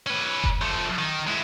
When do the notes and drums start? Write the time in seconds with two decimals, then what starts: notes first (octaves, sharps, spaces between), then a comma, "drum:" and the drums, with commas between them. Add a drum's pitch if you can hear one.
0.07 C#4 B4
0.44 drum: kick F1
0.62 F3 A3
0.99 D#3
1.27 G#3 E4